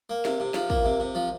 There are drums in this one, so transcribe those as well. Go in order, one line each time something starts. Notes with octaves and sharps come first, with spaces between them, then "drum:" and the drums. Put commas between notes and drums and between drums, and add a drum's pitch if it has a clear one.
A#3
C3, drum: snare
C3
F3, drum: snare
A#3, drum: kick
C3
C3
F3